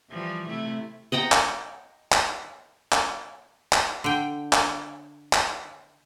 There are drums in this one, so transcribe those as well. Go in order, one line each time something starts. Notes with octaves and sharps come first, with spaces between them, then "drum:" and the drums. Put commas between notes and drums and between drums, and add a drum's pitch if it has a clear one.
E3 F3 G3
C3 A3 E4
D#5 F#5 G5 A#5
drum: clap
drum: clap
drum: clap
drum: clap
D3 G5
drum: clap
drum: clap